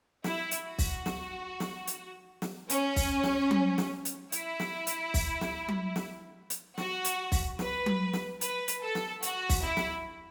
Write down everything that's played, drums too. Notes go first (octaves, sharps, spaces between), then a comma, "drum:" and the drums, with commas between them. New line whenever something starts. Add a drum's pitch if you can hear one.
E4, drum: snare
drum: hi-hat
F#4
drum: kick, open hi-hat
drum: snare
drum: snare
drum: hi-hat
drum: snare
C#4, drum: hi-hat
drum: kick, open hi-hat
drum: snare
drum: tom F#3
drum: snare
drum: hi-hat
E4, drum: hi-hat
drum: snare
drum: hi-hat
drum: kick, open hi-hat
drum: snare
drum: tom F#3
drum: snare
drum: hi-hat
F#4, drum: snare
drum: hi-hat
drum: kick, open hi-hat
B4, drum: snare
drum: tom F#3
drum: snare
B4, drum: hi-hat
drum: hi-hat
A4
drum: snare
F#4, drum: hi-hat
drum: kick, open hi-hat
E4
drum: snare